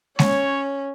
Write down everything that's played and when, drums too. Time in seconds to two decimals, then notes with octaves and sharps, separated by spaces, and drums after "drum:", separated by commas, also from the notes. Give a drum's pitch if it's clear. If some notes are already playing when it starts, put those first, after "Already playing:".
0.19 C#4 C#5, drum: snare G#3